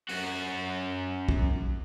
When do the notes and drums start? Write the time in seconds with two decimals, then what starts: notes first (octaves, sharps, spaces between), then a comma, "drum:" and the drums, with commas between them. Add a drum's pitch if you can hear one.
0.09 F#2 F#4, drum: open hi-hat
1.29 drum: kick